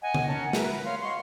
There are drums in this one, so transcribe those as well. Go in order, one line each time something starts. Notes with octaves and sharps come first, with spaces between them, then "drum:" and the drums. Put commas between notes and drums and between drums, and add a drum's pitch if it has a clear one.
D#5 F#5 G#5
drum: tom C#3
C#4 A#4 F#5 A5
F#4 A#4 B4 E5, drum: snare
B5
C#5 F5 C6
D#5 F#5 C6 C#6